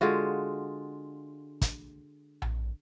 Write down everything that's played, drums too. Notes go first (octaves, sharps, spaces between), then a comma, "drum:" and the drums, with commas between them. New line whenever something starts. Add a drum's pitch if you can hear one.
D3 G#3 F4 F#4
drum: kick, hi-hat
drum: tom A#1